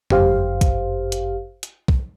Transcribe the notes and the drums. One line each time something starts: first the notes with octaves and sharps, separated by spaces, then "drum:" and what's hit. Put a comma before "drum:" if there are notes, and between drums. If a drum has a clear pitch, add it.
G1 F#2 G4 C5 F5, drum: tom F2
drum: kick, hi-hat
drum: hi-hat
drum: hi-hat
drum: kick